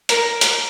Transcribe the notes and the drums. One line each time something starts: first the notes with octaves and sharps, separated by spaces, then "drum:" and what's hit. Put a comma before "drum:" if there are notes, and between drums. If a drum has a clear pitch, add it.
A#4, drum: hi-hat
drum: hi-hat